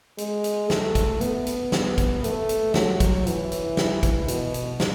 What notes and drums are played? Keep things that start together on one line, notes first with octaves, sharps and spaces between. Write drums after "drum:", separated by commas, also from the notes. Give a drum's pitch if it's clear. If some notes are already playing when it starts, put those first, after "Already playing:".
G#3, drum: hi-hat
drum: hi-hat
A3, drum: snare
drum: kick, hi-hat
B3, drum: hi-hat
drum: hi-hat
drum: snare
drum: kick, hi-hat
A3, drum: hi-hat
drum: hi-hat
F#3, drum: snare
drum: kick, hi-hat
E3, drum: hi-hat
drum: hi-hat
drum: snare
drum: kick, hi-hat
B2, drum: hi-hat
drum: hi-hat
drum: snare